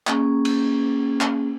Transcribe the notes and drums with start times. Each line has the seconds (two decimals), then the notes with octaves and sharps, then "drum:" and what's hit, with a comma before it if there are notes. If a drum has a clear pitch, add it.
0.07 A#3 C#4 G#4, drum: clap
0.45 drum: cymbal
1.21 drum: clap